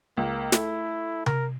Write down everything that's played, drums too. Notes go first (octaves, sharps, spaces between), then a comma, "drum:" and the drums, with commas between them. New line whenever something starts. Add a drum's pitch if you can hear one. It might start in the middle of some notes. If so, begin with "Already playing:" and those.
C#2 A#3
A3 E4, drum: snare
A#4, drum: tom C3